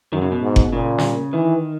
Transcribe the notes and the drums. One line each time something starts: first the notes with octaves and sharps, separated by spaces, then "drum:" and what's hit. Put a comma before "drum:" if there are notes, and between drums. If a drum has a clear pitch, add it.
F#2 D#3
C#3
B2
G#2
drum: kick F#1
A#2 C#3
drum: snare
D#3 E3